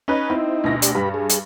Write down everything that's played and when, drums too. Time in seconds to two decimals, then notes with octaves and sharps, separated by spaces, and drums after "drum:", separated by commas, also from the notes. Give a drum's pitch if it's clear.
0.08 C#4 D#4 B4
0.30 C4 D#4 E4
0.64 D2 B2 A#6
0.82 G4 D5, drum: hi-hat
0.95 G2 G4 B4 B5
1.14 G#4
1.30 drum: hi-hat